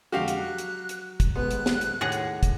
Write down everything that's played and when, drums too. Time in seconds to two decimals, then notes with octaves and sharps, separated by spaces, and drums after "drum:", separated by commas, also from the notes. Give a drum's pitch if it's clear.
0.12 F2 D3 G#3 F#4 G4 F5
0.28 drum: hi-hat
0.38 F#3 F#6
0.58 drum: hi-hat
0.89 drum: hi-hat
1.20 drum: kick, hi-hat
1.36 D#1 G#3 B3 F#6
1.51 drum: hi-hat
1.66 drum: snare
1.81 drum: hi-hat
2.01 D#2 A2 G#4 F#5 A6 A#6
2.12 drum: hi-hat
2.43 drum: kick, hi-hat